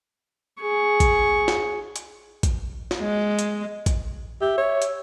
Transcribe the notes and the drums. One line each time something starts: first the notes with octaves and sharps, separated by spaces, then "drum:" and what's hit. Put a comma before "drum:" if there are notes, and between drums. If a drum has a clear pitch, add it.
G#4 C#6
drum: kick, hi-hat
drum: snare
drum: hi-hat
drum: kick, hi-hat
drum: snare
G#3
drum: hi-hat
drum: kick, hi-hat
G4 E5
C#5
drum: hi-hat